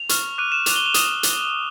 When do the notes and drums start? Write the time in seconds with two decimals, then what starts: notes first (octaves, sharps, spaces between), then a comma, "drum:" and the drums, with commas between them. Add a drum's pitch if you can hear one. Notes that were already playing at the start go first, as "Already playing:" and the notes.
Already playing: F7
0.09 C#6 F6, drum: hi-hat
0.38 D6 F#6 D#7
0.52 E7
0.66 D6 F#6 F7, drum: hi-hat
0.76 G7
0.86 F7
0.94 D#6, drum: hi-hat
1.23 drum: hi-hat